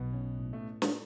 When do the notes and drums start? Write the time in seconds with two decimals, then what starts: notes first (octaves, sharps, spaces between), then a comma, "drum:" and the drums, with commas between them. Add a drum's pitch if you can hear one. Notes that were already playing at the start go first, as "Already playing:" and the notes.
Already playing: B1 B2 B3
0.14 C#4
0.39 A2
0.53 A3
0.82 drum: snare